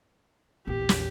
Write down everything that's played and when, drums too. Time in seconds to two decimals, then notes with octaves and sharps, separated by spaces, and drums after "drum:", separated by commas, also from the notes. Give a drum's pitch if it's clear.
0.67 A#1 E2 G4
0.89 drum: snare